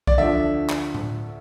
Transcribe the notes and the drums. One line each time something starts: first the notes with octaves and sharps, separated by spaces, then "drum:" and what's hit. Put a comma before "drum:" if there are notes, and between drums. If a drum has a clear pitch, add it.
D5, drum: kick B1
D2 D3 F3 E5
drum: clap
drum: tom A2